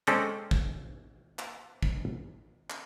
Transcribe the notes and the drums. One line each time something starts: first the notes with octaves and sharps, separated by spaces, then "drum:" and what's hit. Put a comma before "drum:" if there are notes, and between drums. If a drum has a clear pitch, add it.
G#3 C4 C#4 A4 D5, drum: clap
drum: kick
drum: clap
drum: kick
drum: clap